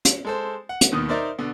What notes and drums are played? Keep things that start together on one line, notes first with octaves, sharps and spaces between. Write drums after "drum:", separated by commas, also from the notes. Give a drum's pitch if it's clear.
drum: hi-hat
G#3 A4 C5
F#5
drum: hi-hat
D#2 B2 D#3 D#6
D#4 A#4 C5 D5 E5 C6
B2 D3